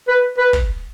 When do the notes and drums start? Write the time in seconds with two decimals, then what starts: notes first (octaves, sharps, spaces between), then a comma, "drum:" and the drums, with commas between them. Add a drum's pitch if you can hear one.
0.08 B4
0.38 B4
0.53 drum: kick